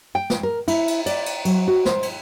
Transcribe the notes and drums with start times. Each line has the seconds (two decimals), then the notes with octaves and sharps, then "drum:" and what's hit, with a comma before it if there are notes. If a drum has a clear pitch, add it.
0.15 G5
0.30 drum: snare
0.43 A#4
0.68 E4, drum: cymbal
0.87 drum: cymbal
1.06 D5, drum: cymbal
1.26 drum: cymbal
1.45 F#3, drum: cymbal
1.68 F#4
1.85 C5, drum: snare
2.03 drum: cymbal